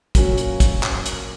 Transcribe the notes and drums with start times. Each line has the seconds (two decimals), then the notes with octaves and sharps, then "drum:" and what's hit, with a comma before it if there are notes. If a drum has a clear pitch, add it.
0.15 A#2 F#3 A#3 C#4 F#4, drum: kick, hi-hat
0.38 drum: hi-hat
0.60 drum: kick, hi-hat
0.83 drum: clap
1.06 drum: hi-hat